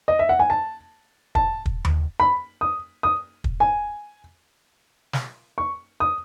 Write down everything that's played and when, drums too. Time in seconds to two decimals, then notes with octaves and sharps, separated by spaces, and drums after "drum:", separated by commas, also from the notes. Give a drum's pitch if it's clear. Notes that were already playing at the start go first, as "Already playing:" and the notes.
0.08 D#5
0.19 E5
0.29 F#5
0.39 G#5
0.50 A5
1.35 A5, drum: kick
1.66 drum: kick
1.85 drum: tom D#2
2.20 B5
2.61 D#6
3.03 D#6
3.44 drum: kick
3.60 G#5
5.13 drum: snare
5.58 C#6
6.00 D#6